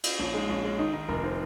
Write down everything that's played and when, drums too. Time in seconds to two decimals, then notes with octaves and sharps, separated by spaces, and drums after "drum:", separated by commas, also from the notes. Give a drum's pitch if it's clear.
0.03 drum: cymbal
0.19 A#1 C#4
0.34 G#3 D#4
0.49 A#1 C#4
0.64 G#3 C#4
0.79 D#3 D#4
0.93 D#3 D#4
1.09 F1 A#4
1.23 D#3 C5